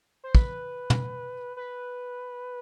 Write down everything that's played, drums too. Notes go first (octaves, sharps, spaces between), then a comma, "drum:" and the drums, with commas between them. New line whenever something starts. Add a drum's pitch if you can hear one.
C5
B4, drum: kick
drum: tom
B4